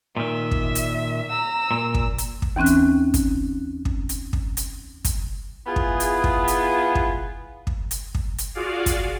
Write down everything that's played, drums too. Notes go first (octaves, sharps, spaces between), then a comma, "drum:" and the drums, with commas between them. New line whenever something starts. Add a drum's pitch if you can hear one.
A#2 D#3 E5
drum: kick
drum: hi-hat
A#5 E6
A#2
drum: kick
drum: hi-hat
drum: kick
D#2 E3 C4 C#4 F#6
drum: hi-hat
drum: kick, hi-hat
drum: kick
drum: hi-hat
drum: kick
drum: hi-hat
drum: kick, hi-hat
B3 E4 F4 G#4
drum: kick
drum: hi-hat
drum: kick
drum: hi-hat
drum: kick
drum: kick
drum: hi-hat
drum: kick
drum: hi-hat
F4 F#4 G#4 D5 F5
drum: kick, hi-hat